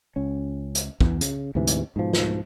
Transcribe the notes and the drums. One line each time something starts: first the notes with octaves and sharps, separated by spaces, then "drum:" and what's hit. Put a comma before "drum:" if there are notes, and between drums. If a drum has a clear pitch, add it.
C#2 C#4
drum: hi-hat
E2 E3, drum: kick
C#3, drum: hi-hat
D2 G#2 C3 E3
drum: hi-hat
G#2 B2 F3
drum: snare